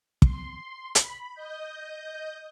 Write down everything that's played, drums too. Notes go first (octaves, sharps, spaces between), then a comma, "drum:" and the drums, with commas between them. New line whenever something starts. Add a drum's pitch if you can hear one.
C6, drum: kick
B5, drum: hi-hat
D#5 G6